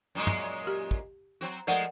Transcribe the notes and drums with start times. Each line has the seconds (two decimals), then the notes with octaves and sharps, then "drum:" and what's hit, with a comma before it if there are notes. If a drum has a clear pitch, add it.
0.15 F#2 A#2 G#3
0.27 drum: tom
0.67 G4
0.91 drum: kick
1.41 F#3 C4 F#4, drum: hi-hat
1.67 F3 G#3 A3 A#4 D5 F#5